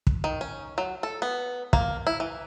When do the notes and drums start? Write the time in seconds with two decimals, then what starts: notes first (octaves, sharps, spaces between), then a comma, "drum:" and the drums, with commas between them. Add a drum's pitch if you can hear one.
0.07 drum: kick
0.24 D#3
0.41 C#4
0.78 F#3
1.03 A4
1.22 B3
1.73 A#3, drum: kick
2.07 E4
2.20 E3